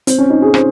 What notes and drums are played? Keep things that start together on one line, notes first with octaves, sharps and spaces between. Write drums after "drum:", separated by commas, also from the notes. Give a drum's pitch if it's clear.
C4, drum: hi-hat
C#4
D#4
G#4
C5, drum: rim click